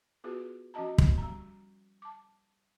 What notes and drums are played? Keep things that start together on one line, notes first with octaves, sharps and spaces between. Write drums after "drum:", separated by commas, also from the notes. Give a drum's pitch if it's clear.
B3 F4 F#4 G#4 B4
F3 C#4 F#4 D#5 A5 A#5
drum: kick
G3 A#5
A5 D6